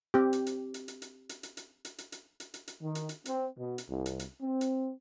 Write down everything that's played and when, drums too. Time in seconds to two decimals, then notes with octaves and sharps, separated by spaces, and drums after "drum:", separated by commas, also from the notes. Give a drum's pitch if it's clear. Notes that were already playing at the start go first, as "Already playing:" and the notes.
0.14 C4 G4
0.33 drum: hi-hat
0.46 drum: hi-hat
0.74 drum: hi-hat
0.88 drum: hi-hat
1.02 drum: hi-hat
1.29 drum: hi-hat
1.43 drum: hi-hat
1.57 drum: hi-hat
1.85 drum: hi-hat
1.98 drum: hi-hat
2.12 drum: hi-hat
2.40 drum: hi-hat
2.54 drum: hi-hat
2.68 drum: hi-hat
2.81 D#3
2.95 drum: hi-hat
3.09 drum: hi-hat
3.25 C4, drum: hi-hat
3.57 B2
3.78 drum: hi-hat
3.89 C2
4.06 drum: hi-hat
4.19 drum: hi-hat
4.41 C4
4.61 drum: hi-hat